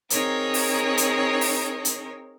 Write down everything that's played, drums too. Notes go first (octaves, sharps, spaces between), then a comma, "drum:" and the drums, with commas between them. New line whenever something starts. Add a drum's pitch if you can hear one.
C4 D#4 G#4 A#4 C#5, drum: hi-hat
drum: open hi-hat
drum: hi-hat
drum: open hi-hat
drum: hi-hat